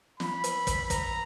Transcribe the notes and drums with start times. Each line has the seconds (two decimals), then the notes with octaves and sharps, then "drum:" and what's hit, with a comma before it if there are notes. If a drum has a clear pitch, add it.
0.20 B5, drum: snare
0.44 drum: hi-hat
0.67 drum: kick, hi-hat
0.90 A#5, drum: kick, hi-hat